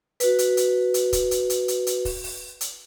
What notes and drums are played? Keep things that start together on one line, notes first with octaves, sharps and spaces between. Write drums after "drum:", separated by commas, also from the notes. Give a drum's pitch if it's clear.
F#4 B4, drum: hi-hat
drum: hi-hat
drum: hi-hat
drum: hi-hat
drum: kick, hi-hat
drum: hi-hat
drum: hi-hat
drum: hi-hat
drum: hi-hat
drum: kick, open hi-hat
drum: open hi-hat
drum: hi-hat